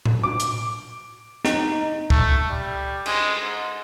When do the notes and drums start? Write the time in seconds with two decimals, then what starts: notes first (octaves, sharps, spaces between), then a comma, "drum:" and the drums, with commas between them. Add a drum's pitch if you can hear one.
0.05 drum: tom A2
0.23 D6
0.40 drum: hi-hat
1.45 D#4, drum: snare
2.10 A3, drum: kick
2.50 G3
3.06 G#3, drum: cymbal
3.42 G#2